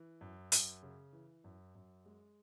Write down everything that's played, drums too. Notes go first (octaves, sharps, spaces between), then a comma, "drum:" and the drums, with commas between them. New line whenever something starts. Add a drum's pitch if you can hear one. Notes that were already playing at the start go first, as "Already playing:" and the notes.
Already playing: E3
F#2
F#2, drum: hi-hat
C#3
E3
F#2
F#2
G#3